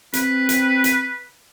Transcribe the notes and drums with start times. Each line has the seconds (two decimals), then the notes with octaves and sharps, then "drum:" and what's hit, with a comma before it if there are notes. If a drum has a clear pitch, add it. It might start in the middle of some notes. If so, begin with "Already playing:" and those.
0.13 C4 B4, drum: hi-hat
0.49 drum: hi-hat
0.84 drum: hi-hat